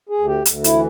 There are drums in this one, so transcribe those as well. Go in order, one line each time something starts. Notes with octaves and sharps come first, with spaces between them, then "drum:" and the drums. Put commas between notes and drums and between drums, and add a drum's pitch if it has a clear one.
G#4
D2
G4
D2, drum: hi-hat
E4, drum: hi-hat
E3